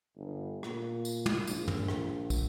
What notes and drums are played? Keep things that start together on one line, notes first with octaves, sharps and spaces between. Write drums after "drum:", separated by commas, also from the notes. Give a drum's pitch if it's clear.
G1
A#2, drum: rim click
drum: tambourine
drum: tom
A#1, drum: tambourine
drum: tom
drum: rim click
drum: kick, tambourine